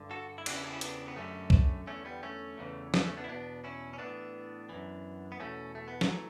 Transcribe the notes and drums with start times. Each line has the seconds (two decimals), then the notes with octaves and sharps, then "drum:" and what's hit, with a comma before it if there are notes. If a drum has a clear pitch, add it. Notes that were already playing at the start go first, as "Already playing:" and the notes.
Already playing: G2 D3
0.11 F#4 A4
0.38 E4
0.46 E2 C#3 E3 D4 F#4, drum: cymbal
0.55 C#4 E4
0.64 B3 D4
0.73 C#4 E4
0.81 B3 D4, drum: hi-hat
1.08 B3
1.16 F#2 D3 A3 C#4
1.50 drum: kick C2
1.87 E2 D3 A3 C#4
2.05 G3 B3
2.23 A3 C#4
2.58 E2 C#3 E3
2.94 B3 D4, drum: snare
3.05 A3 C#4
3.17 B3 D4
3.24 E4
3.28 E2 B2 B3 D4
3.64 C#4 E4
3.93 C#4
3.98 A2 E3 B3 D4
4.69 F#2 E3
5.32 B3
5.39 E2 B2 A3 C#4
5.75 A3
5.88 B3
6.01 F#3 A3, drum: snare
6.10 E3